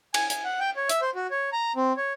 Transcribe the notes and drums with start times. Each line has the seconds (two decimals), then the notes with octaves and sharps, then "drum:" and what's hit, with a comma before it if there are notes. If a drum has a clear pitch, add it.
0.14 G#5, drum: cymbal
0.30 G#5, drum: hi-hat
0.44 F#5
0.60 G5
0.76 C#5
0.89 E5, drum: hi-hat
1.02 C5
1.15 F#4
1.30 C#5
1.52 A#5
1.76 C4
1.97 C#5